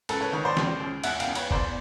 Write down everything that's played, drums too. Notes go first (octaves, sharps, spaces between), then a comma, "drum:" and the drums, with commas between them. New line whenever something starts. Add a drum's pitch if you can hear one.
C#2 A4 B4, drum: cymbal
B4 C#5
D#3 B4 C#5
C5 D5
C#2, drum: snare
C#2
E2 E5 F#5, drum: cymbal
F5 G5, drum: cymbal
E2
B4 C#5, drum: cymbal
E2 C5 D5, drum: kick F#1